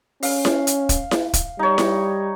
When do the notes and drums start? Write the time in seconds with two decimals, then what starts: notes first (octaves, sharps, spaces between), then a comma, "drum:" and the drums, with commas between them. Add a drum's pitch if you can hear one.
0.23 C#4 F5, drum: open hi-hat
0.45 drum: snare E4
0.67 drum: hi-hat
0.89 drum: kick, hi-hat
1.11 drum: snare E4
1.34 drum: kick, hi-hat
1.59 G3 D#4 C#5
1.78 drum: snare E4